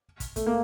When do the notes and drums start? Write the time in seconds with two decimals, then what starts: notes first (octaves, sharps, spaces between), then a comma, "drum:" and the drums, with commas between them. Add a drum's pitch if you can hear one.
0.20 drum: kick, hi-hat
0.36 A3, drum: kick, hi-hat
0.47 A#3